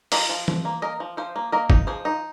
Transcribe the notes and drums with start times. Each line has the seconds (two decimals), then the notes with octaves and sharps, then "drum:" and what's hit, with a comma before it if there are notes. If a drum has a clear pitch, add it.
0.12 F3 A#4 D#5, drum: open hi-hat
0.29 F3
0.48 F3, drum: tom E3
0.65 A#3
0.82 A#3 A#4 D#5
1.00 F3
1.17 F3 C5 F5
1.36 A#3
1.52 A#3 A#4 D#5
1.70 D#4, drum: kick
1.87 F3 G#4 C5
2.05 D#4